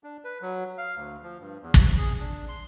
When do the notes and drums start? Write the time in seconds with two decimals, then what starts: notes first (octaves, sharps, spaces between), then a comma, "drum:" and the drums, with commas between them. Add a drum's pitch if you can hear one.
0.04 D4
0.24 B4
0.42 F#3
0.78 F5
0.96 D2
1.23 F3
1.40 G2
1.62 E2
1.74 C3, drum: kick
1.97 G#4
2.20 D4
2.48 C6